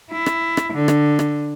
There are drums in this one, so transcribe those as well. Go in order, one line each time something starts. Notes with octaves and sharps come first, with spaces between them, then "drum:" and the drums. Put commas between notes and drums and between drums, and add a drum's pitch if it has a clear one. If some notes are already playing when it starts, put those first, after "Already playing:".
E4
drum: rim click
drum: rim click
D3
drum: rim click
drum: rim click